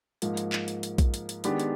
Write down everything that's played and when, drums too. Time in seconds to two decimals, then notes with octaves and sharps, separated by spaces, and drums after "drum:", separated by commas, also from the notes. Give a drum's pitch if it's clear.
0.22 G#2 F3 A#3, drum: hi-hat
0.37 drum: hi-hat
0.53 drum: clap
0.68 drum: hi-hat
0.83 drum: hi-hat
0.98 drum: kick A#1, hi-hat
1.14 drum: hi-hat
1.29 drum: hi-hat
1.44 D#3 G#3 B3 D4 G4, drum: hi-hat
1.60 drum: hi-hat